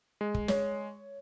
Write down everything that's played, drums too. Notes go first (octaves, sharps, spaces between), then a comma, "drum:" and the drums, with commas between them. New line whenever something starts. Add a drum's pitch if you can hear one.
G#3
drum: kick
C#5, drum: snare